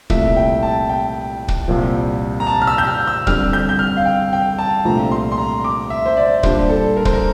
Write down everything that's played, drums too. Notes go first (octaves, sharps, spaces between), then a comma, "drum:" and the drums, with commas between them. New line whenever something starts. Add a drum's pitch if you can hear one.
C2 A#2 F3 A3 E4 E5, drum: kick
G5
A5
G5
drum: kick
C2 A#2 F3
A#5
A5
F6
E6
G6
F6
E6
G1 F2 D3 G3 C4 F6, drum: kick
G6
G6
F6
F5
G5
G5
A5
C2 A#2 F3 A3 D4 A#5
C6
C6
A#5
D6
E5
C5
D5
A#2 G3 D4 C5, drum: kick
A4
A#4
C5, drum: kick
A#4